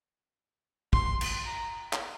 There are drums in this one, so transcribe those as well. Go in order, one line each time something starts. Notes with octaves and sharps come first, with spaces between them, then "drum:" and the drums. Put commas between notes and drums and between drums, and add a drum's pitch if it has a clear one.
C6, drum: kick
drum: cymbal
A#5
drum: clap